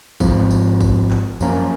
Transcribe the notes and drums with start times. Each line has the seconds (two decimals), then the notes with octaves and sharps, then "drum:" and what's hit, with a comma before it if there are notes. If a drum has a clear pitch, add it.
0.20 G#2 F3 C4, drum: kick, tambourine
0.50 drum: tambourine
0.81 drum: kick, tambourine
1.11 drum: clap
1.41 F#2 F3 A#3 C#4, drum: tambourine